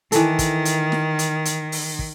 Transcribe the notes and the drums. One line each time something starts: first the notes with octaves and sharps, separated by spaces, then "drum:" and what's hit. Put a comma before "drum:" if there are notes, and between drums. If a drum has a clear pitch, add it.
D#3 E3 A4, drum: hi-hat
drum: kick, hi-hat
drum: hi-hat
drum: snare
drum: hi-hat
drum: hi-hat
drum: open hi-hat
drum: kick